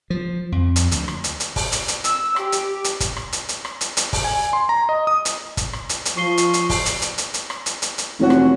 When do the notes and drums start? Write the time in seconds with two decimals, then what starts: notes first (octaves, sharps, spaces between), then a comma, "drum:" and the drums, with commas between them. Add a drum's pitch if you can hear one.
0.10 F3
0.52 F2
0.76 drum: hi-hat
0.92 D2, drum: hi-hat
1.08 drum: rim click
1.24 drum: hi-hat
1.40 drum: hi-hat
1.56 drum: kick, open hi-hat
1.72 drum: hi-hat
1.88 drum: hi-hat
2.04 E6, drum: hi-hat
2.36 G4, drum: rim click
2.52 drum: hi-hat
2.84 drum: hi-hat
3.00 drum: kick, hi-hat
3.16 drum: rim click
3.33 drum: hi-hat
3.49 drum: hi-hat
3.65 drum: rim click
3.81 drum: hi-hat
3.97 drum: hi-hat
4.13 drum: kick, open hi-hat
4.24 G#5
4.53 C6
4.69 A#5
4.89 D#5
5.07 D#6
5.25 drum: hi-hat
5.57 drum: kick, hi-hat
5.73 drum: rim click
5.89 drum: hi-hat
6.05 drum: hi-hat
6.17 F3 C#6 C7 G7
6.38 drum: hi-hat
6.54 drum: hi-hat
6.70 drum: kick, open hi-hat
6.86 drum: hi-hat
7.02 drum: hi-hat
7.18 drum: hi-hat
7.34 drum: hi-hat
7.50 drum: rim click
7.66 drum: hi-hat
7.82 drum: hi-hat
7.98 drum: hi-hat
8.19 F1 E3 C#4 F#4
8.30 drum: rim click